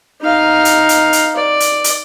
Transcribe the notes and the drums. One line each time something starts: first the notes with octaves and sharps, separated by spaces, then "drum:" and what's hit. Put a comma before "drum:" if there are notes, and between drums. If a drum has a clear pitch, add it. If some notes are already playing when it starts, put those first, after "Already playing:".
D#4 F5
drum: hi-hat
drum: hi-hat
drum: hi-hat
D5
drum: hi-hat
drum: hi-hat